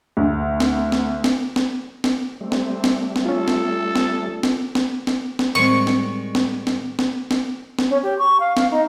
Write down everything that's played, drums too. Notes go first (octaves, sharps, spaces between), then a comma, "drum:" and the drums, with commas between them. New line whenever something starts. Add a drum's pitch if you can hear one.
D2
drum: snare
drum: snare
drum: snare
drum: snare
drum: snare
G3 A3 C4
drum: snare
drum: snare
drum: snare
C#4 F4 A4
drum: snare
drum: snare
drum: snare
drum: snare
drum: snare
drum: snare
A2 D#3 G3 G#3 C4 C5 C#6
drum: snare
drum: snare
drum: snare
drum: snare
drum: snare
drum: snare
C#4
G4
C#6
F5
F5, drum: snare
D#4